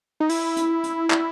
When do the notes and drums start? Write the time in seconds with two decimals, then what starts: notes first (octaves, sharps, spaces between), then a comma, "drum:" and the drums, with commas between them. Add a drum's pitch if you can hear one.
0.20 D#4
0.29 E4, drum: open hi-hat
0.57 drum: hi-hat
0.84 drum: hi-hat
1.11 E4, drum: clap